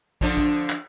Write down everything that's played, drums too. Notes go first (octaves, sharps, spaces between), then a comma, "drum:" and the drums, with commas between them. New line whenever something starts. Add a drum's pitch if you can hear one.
D3 F3 D4, drum: kick
drum: kick
drum: clap